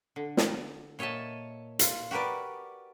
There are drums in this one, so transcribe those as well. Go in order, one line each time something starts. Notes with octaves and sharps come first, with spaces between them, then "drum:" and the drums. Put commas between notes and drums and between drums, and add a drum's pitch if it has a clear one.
D3
drum: snare
A#2 C#5 D#5 E5 A5
F4, drum: hi-hat
F#4 G4 A#4 B4 D5